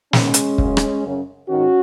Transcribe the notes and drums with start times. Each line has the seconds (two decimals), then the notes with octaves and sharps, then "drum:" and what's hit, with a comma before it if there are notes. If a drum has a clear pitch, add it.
0.13 G#2 D#3 G#3 C#4, drum: snare
0.34 drum: hi-hat
0.58 F#2 C#3, drum: kick
0.77 drum: rim click
1.04 F#2 C#3
1.49 G#2 D#3 C#4 F#4